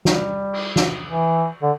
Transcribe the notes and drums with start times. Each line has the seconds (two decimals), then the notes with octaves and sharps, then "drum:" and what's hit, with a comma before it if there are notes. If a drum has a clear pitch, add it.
0.05 G3, drum: snare
0.53 drum: cymbal
0.76 drum: snare
1.10 E3
1.62 D3